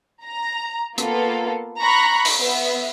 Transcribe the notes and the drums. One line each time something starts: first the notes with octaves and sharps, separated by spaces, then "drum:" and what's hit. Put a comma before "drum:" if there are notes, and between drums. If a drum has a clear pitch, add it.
A#5
A#3 B3 F4 A4, drum: hi-hat
A#5 B5 C#6 F#6
drum: open hi-hat
B3 E5